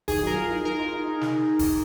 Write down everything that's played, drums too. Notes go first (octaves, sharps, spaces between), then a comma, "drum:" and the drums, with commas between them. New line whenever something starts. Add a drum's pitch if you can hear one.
D#3 G#4, drum: kick E1, open hi-hat
F#3 A#4
F4
D#4
D#4 A#4
F4
D#4
D#4
drum: snare
drum: kick E1, open hi-hat